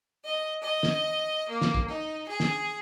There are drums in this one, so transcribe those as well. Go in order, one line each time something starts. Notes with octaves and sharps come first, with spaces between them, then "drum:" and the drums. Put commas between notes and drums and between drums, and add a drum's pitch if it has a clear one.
D#5
D#5
drum: snare
A#3
drum: snare
drum: kick
D#4
G#4
drum: snare